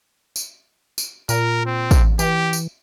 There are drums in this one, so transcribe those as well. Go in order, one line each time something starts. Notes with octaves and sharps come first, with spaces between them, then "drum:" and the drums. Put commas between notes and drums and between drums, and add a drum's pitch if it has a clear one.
drum: tambourine
drum: tambourine
A#2 A#4, drum: tambourine
C4
drum: kick, tambourine
E3 G4, drum: tambourine
drum: tambourine